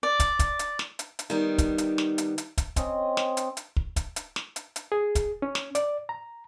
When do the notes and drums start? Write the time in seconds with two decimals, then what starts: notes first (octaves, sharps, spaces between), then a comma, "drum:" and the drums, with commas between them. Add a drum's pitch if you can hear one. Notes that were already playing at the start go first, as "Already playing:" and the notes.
0.03 D5
0.20 drum: kick, hi-hat
0.39 drum: kick, hi-hat
0.59 drum: hi-hat
0.79 drum: snare
0.99 drum: hi-hat
1.19 drum: hi-hat
1.30 D#3 G3 B3
1.58 drum: kick, hi-hat
1.78 drum: hi-hat
1.98 drum: snare
2.18 drum: hi-hat
2.38 drum: hi-hat
2.58 drum: kick, hi-hat
2.76 C4 C#4 D#5, drum: kick, hi-hat
3.17 drum: snare
3.37 drum: hi-hat
3.57 drum: hi-hat
3.77 drum: kick
3.96 drum: kick, hi-hat
4.16 drum: hi-hat
4.36 drum: snare
4.56 drum: hi-hat
4.76 drum: hi-hat
4.92 G#4
5.15 drum: kick, hi-hat
5.42 C#4
5.55 drum: snare
5.75 D5, drum: hi-hat
6.09 A#5